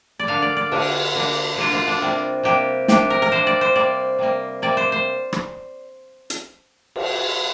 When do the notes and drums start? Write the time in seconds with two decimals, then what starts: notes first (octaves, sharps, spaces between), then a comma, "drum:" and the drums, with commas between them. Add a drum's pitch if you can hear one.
0.19 D5
0.27 D3 A#3 D4 F5
0.42 D5
0.57 D5
0.72 D3 A#3 D4, drum: cymbal
1.15 D3 A#3 D4
1.56 D3 A#3 D4 F4
1.73 F4
1.88 D4
2.02 C3 G3 A#3 D4
2.43 C3 G3 A#3 D4 G4
2.88 C3 G3 A#3 D4 G4, drum: snare
3.10 A#4
3.22 A#4
3.32 C3 G3 A#3 D4 C5
3.47 D5
3.61 C5
3.76 C3 G3 A#3 D5
4.19 C3 G3 A#3
4.62 C3 G3 A#3 D5
4.77 C5
4.92 C5
5.33 drum: rim click
6.30 drum: hi-hat
6.96 drum: cymbal